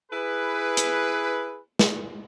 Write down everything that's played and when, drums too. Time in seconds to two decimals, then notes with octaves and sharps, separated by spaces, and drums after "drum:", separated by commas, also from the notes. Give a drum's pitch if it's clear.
0.11 E4 G#4 B4
0.77 drum: hi-hat
1.79 drum: snare